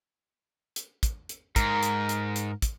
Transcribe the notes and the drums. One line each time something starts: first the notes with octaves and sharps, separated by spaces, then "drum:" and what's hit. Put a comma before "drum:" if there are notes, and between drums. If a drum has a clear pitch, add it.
drum: hi-hat
drum: kick, hi-hat
drum: hi-hat
G#2 A#4, drum: kick, hi-hat
drum: hi-hat
drum: hi-hat
drum: hi-hat
drum: kick, hi-hat